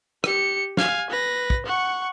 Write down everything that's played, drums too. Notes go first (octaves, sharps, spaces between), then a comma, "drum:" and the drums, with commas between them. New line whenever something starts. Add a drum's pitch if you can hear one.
G4 C#7, drum: rim click
F5 G#5, drum: snare
B4 A#6
drum: kick
F#5 C#6